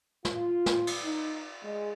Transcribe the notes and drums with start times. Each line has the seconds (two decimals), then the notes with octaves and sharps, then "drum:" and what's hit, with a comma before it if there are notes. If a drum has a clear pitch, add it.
0.25 F4, drum: snare
0.66 drum: snare
0.87 drum: cymbal
1.04 D#4
1.63 G#3